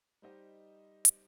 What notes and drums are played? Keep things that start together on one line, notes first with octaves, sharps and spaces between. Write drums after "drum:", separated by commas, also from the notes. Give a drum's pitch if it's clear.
G3 D#4 G4 C5 D#5
drum: hi-hat